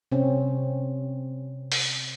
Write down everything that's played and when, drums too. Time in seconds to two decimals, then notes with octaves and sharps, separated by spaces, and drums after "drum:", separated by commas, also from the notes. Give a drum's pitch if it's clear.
0.12 C3 C4 C#4
1.72 drum: open hi-hat